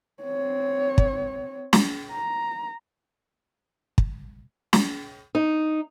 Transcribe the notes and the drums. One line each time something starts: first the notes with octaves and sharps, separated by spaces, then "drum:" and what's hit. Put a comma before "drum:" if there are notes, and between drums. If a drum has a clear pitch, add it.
C4 C#5
drum: kick
drum: snare
A#5
drum: kick
drum: snare
D#4